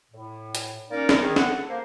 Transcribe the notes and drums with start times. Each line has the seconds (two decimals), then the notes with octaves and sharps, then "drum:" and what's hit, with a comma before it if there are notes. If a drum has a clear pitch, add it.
0.12 A2
0.55 drum: hi-hat
0.91 A#3 C#4 D#4 A#4 D5
1.09 drum: snare
1.21 D#3 G#4
1.36 A4 F#5, drum: snare
1.69 A#3 C5